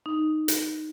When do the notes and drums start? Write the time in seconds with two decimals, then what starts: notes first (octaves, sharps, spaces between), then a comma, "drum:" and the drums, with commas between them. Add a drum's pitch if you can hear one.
0.06 D#4
0.48 drum: hi-hat